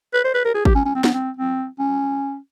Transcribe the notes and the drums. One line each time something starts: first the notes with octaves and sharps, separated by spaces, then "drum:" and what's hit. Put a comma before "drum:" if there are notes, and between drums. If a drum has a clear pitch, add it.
B4
C5
B4
A#4
G#4
G4, drum: kick
C#4
C#4
C4
B3, drum: snare
C4
C4
C#4